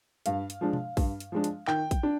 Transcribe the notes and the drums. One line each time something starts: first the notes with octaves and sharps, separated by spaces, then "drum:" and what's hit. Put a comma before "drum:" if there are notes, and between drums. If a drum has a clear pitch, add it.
G2 F5, drum: hi-hat
drum: hi-hat
F3 G#3 D4
drum: tom B2
G2, drum: kick, open hi-hat
drum: hi-hat
F3 G#3 D4
drum: hi-hat
D#3 G5, drum: clap
drum: kick, hi-hat
D4